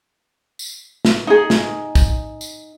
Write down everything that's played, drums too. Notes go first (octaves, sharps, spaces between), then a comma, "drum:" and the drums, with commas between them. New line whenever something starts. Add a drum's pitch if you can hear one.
drum: tambourine
drum: snare
D#4 G#4
drum: snare
drum: kick, tambourine
drum: tambourine